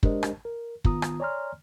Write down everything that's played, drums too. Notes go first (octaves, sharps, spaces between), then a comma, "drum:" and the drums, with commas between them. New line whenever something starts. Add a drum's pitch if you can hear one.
G#3 D4 G4 A#4 C5 D#5, drum: kick
drum: rim click
A#4
D#3 B3 F4 A#5 D#6, drum: kick
drum: rim click
C#5 D5 G#5 A#5 C6 F6